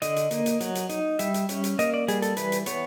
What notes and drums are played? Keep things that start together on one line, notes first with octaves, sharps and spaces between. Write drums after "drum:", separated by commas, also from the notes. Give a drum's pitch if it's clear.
D3 D#5, drum: hi-hat
drum: hi-hat
A#3, drum: hi-hat
drum: hi-hat
F#3, drum: hi-hat
drum: hi-hat
D#4, drum: hi-hat
G3 E5, drum: hi-hat
drum: hi-hat
C#4, drum: hi-hat
drum: hi-hat
A#3 D#5, drum: hi-hat
D5
G3 G#4, drum: hi-hat
A4, drum: hi-hat
E3 B4, drum: hi-hat
drum: hi-hat
B3 C#5, drum: hi-hat